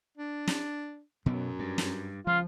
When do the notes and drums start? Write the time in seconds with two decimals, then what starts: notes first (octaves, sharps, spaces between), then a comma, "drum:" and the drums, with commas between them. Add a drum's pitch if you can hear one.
0.17 D4
0.48 drum: snare
1.26 F#2 B2 F#3 B3
1.59 G2
1.78 drum: snare
2.27 C#2 F3 F4